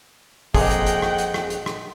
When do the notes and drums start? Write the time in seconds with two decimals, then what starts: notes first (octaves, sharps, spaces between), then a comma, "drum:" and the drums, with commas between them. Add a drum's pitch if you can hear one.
0.54 F2 A#2 G#4 D#5 F#5 G5 D#6, drum: kick, open hi-hat
0.70 drum: hi-hat
0.86 drum: hi-hat
1.02 drum: rim click
1.18 drum: hi-hat
1.34 drum: rim click
1.50 drum: hi-hat
1.66 drum: rim click